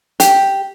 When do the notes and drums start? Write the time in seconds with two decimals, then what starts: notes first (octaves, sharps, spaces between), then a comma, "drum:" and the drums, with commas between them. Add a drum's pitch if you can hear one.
0.20 G4, drum: hi-hat